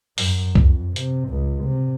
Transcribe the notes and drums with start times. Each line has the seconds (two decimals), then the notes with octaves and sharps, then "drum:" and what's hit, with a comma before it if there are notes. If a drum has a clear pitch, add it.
0.18 F#2, drum: open hi-hat
0.55 F2, drum: kick C2
0.96 C3, drum: hi-hat
1.29 C#2
1.64 C3